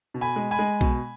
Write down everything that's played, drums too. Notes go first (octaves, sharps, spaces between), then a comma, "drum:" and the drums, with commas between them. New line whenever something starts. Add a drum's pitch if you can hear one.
B2
G#5 B5
G#3
G#5 B5
G#3
B2, drum: kick B1